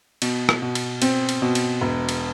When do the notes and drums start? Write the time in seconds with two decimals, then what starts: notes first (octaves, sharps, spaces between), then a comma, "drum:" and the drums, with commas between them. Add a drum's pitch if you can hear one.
0.22 B2, drum: cymbal
0.49 drum: rim click
0.62 B2
0.75 drum: cymbal
1.02 C4, drum: cymbal
1.29 drum: cymbal
1.42 B2
1.55 drum: cymbal
1.81 E1
2.09 drum: cymbal